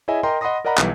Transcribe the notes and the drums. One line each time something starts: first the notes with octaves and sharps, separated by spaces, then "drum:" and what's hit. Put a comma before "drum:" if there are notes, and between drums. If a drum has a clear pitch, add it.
E4 G#4 C#5 D#5 E5 G#5
A#4 D#5 G5 A#5 C6
D#5 F#5 B5 C6 D#6 A#6
A#4 D5 D#5 F#5 A#5 B5
B1 E3 G3, drum: clap